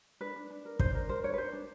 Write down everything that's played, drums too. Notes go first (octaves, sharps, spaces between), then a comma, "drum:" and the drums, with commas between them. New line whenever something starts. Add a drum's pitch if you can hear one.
D4 B4
D4
D4
A#4
D4 C5, drum: kick
A#4
A#4 C5
D4 C#5
B4
D4 C5
D4